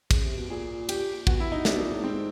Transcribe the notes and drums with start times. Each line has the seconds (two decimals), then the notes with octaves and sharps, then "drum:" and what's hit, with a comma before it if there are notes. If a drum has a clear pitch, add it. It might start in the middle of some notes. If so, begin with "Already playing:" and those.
0.11 C#3, drum: kick, cymbal
0.24 C3
0.37 B2
0.50 A#2 G#4
0.89 G4, drum: cymbal
1.27 B2 F#4, drum: kick
1.40 E4
1.52 D#4
1.65 C3 D4, drum: snare
1.75 B2
1.85 A#2
1.94 A2
2.04 G#2 C4